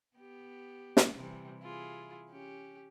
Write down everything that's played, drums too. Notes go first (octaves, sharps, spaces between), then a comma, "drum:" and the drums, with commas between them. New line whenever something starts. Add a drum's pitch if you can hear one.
B3 G4
drum: snare
C3 E3 G3
E4 F4 G#4
C#4 G4